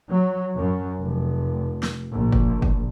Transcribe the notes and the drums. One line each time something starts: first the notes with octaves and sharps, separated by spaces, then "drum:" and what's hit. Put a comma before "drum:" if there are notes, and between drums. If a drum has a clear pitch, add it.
F#3
F#2
F1
drum: snare
A#1
drum: kick F#1
drum: kick F#1